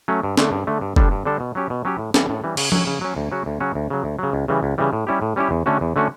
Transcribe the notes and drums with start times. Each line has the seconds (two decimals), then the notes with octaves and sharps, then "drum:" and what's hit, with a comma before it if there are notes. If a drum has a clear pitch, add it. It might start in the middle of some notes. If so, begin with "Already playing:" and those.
0.08 F#3 A3 C#4
0.23 G2
0.37 D3 A3, drum: snare
0.52 G2
0.67 D3 A3
0.81 G2
0.96 D3 G3 D4 A4, drum: kick
1.11 G2
1.25 D3 G3 D4 A4
1.40 B2
1.55 F#3 C#4 G4
1.70 B2
1.85 F#3 C#4 G4
1.99 A2
2.14 E3 G3, drum: snare
2.29 A2
2.44 E3 G3
2.57 C#3, drum: cymbal
2.72 F#3 C#4, drum: tom F3
2.87 C#3
3.01 F#3 C#4
3.16 D2
3.32 C#3 F#3 C#4 F#4
3.46 D2
3.60 C#3 F#3 C#4 F#4
3.75 D2
3.90 C#3 F#3
4.04 D2
4.19 C#3 F#3
4.33 C#2
4.48 C#3 E3 G3
4.63 C#2
4.78 C#3 E3 G3
4.93 A2
5.07 G3 C#4 E4 G4
5.22 A2
5.36 G3 C#4 E4 G4
5.51 E2
5.66 D3 A3 C#4 F#4
5.81 E2
5.96 D3 A3 C#4 F#4